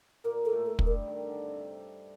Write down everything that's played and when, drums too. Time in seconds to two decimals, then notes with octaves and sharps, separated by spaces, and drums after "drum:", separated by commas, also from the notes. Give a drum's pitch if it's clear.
0.24 A#2 A#3 A#4
0.45 A#3 A4
0.52 A2 A3
0.66 A4
0.79 G2 G3, drum: kick
0.86 A#4
1.07 D#3
1.27 D3
1.48 C3